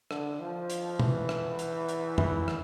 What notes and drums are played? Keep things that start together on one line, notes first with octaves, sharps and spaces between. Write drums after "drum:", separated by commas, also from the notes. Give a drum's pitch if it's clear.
D3, drum: rim click
F3
drum: hi-hat
E3, drum: tom
drum: rim click
drum: hi-hat
drum: hi-hat
E3, drum: tom
drum: rim click